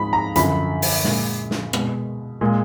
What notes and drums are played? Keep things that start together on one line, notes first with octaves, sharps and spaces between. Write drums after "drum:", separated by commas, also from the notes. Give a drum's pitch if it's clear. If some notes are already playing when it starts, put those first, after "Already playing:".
Already playing: G#2 F3 G#3 B5
A#5
F#2 D3 F3 B5, drum: hi-hat
drum: open hi-hat
A#2 G#3, drum: snare
drum: snare
B2 G#3, drum: rim click
A#2 G#3